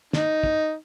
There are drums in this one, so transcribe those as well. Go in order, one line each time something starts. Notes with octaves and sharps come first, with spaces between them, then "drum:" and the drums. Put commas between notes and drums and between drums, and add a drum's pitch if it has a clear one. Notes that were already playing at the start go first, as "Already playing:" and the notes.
D#4, drum: snare
drum: kick